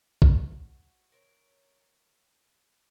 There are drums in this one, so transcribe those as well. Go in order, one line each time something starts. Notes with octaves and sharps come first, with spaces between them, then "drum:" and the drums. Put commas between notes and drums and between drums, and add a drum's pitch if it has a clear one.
F#4, drum: kick A#1
A#4 C5 C#5